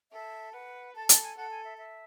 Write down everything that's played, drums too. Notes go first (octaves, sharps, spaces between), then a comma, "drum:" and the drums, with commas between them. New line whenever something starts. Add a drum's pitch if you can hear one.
A4 E5
B4 F#5
A4 A5
A5, drum: hi-hat
G#5
A4 F#5
G#5
E5
E5